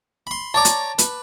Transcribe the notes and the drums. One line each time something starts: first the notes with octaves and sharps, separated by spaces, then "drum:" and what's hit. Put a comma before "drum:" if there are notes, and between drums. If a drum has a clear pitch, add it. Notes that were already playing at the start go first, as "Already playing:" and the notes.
B5 C6
C#5 D5 A5 A#5 D6
drum: hi-hat
B4, drum: hi-hat